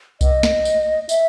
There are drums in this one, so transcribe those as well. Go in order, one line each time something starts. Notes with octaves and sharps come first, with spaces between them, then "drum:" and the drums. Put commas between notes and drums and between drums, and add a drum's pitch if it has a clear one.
D#5, drum: kick C2, tambourine
drum: snare
drum: tambourine
E5, drum: tambourine